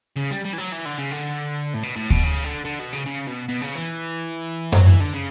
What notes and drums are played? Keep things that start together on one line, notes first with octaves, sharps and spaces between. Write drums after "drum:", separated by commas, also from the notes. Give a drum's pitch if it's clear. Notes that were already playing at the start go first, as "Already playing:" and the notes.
C#3
G3
G3
E3
F#3
E3
D3
C#3
D3
A2
B2
A2
B2, drum: kick D2
C#3
D3
D3
B2
C#3
C#3
B2
B2
C#3
E3
F#3, drum: tom F#2
E3
D3
C#3